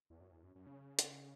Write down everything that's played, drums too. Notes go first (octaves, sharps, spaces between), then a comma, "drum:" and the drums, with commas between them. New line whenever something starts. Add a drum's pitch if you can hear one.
E2
F#2
E2
F#2
F#2
C#3
drum: hi-hat